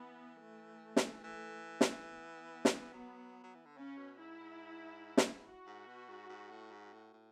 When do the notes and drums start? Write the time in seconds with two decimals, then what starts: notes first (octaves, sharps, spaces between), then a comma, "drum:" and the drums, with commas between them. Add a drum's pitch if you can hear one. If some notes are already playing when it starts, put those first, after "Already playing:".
Already playing: E3 B3
0.40 A3
0.96 drum: snare
1.24 E3
1.81 drum: snare
2.08 B3
2.65 drum: snare
2.94 F#3
3.44 F#3
3.55 E3
3.66 D3
3.77 C#3 C#4
3.98 B2
4.19 G#2 E4
4.40 G#2
5.17 drum: snare
5.45 F#4
5.66 G#2
5.87 B2
6.09 G#2
6.29 G#2
6.51 A2
6.72 G#2
6.93 A2
7.13 A2